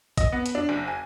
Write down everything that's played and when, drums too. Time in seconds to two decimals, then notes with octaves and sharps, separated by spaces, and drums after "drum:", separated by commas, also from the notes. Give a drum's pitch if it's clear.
0.17 D#5, drum: kick, hi-hat
0.32 B3
0.46 drum: hi-hat
0.55 D4
0.69 F#1
0.87 G#5